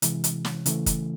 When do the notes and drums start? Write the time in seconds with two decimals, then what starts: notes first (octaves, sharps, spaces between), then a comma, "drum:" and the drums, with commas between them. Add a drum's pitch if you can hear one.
0.02 C3 E3 G#3, drum: hi-hat
0.24 drum: hi-hat
0.45 drum: snare
0.66 C#3 E3 A3, drum: hi-hat
0.86 drum: kick, hi-hat